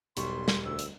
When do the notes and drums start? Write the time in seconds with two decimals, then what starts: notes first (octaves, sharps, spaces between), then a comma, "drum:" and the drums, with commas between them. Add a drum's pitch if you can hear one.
0.17 E1 B1 G3 C6 C#6, drum: hi-hat
0.48 drum: snare
0.65 D2 E6
0.79 drum: hi-hat